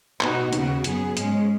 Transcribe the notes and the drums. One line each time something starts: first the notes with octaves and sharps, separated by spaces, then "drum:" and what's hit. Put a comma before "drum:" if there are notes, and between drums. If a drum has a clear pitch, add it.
B2 B3 D#4 F#4, drum: clap
D#2 C#3 B3 F#4, drum: hi-hat
F#2 F#3 B3 G#4, drum: hi-hat
G#2 G#3 C#4, drum: hi-hat